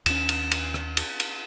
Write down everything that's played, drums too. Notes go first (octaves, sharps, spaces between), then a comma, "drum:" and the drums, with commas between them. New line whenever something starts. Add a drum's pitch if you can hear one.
D#2 C#4 E7, drum: cymbal
drum: cymbal
drum: cymbal
drum: rim click
drum: cymbal
drum: cymbal